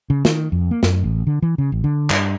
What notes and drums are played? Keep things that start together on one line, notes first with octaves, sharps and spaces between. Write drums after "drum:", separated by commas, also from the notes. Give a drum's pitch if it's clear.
C#3
D#3, drum: snare
F2
A#3
F#2, drum: snare
A1
D3
E3
C#3
A1
D3
G2, drum: clap